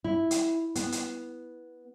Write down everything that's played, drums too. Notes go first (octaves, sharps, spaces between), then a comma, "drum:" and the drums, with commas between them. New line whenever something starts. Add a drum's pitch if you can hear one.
E4
drum: hi-hat
B3, drum: hi-hat
drum: hi-hat